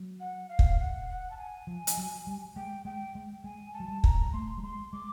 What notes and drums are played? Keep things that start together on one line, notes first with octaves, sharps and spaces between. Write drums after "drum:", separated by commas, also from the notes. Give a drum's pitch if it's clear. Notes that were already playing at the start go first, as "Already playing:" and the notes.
Already playing: F#3
F#5
F5
drum: kick
F#5
F#5
A5
G#5
F3
drum: hi-hat
F#3
G3
G#3 G5
G#3 G5
G#3
G#3 G#5
A5
F#3
G3
A#5, drum: kick
A3 C6
G3
G#3 C6
G#3 D6